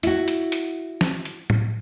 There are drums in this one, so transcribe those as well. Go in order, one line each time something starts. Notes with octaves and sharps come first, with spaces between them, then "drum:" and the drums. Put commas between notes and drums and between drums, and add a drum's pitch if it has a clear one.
E4 F#4, drum: hi-hat
drum: hi-hat
drum: hi-hat
drum: snare
drum: hi-hat
drum: tom A2